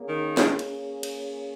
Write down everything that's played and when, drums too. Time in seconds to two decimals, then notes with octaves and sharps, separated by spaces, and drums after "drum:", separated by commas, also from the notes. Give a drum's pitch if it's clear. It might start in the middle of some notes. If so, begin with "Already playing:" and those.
Already playing: A#3 C#4 G#4
0.08 D#3
0.37 drum: snare
0.59 drum: cymbal
1.03 drum: cymbal